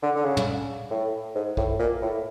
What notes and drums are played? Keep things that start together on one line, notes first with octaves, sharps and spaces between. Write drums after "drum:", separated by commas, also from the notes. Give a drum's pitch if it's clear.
D3
D3
C#3
drum: tom
A2
G#2
A2, drum: kick A#1
A#2
A2